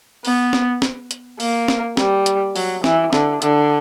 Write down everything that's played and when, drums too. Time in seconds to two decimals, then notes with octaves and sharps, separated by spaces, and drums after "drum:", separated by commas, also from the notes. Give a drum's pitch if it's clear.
0.25 B3, drum: open hi-hat
0.53 drum: snare
0.82 drum: snare
1.11 drum: hi-hat
1.40 A#3, drum: open hi-hat
1.68 drum: snare
1.97 G3, drum: snare
2.26 drum: hi-hat
2.56 F#3, drum: open hi-hat
2.84 E3, drum: snare
3.13 D3, drum: snare
3.42 D3, drum: hi-hat